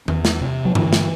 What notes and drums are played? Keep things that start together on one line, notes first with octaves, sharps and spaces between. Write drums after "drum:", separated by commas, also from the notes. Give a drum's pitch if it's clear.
E2, drum: tom D#3
drum: snare
C3
F#3
D3 E3, drum: tom G2
drum: snare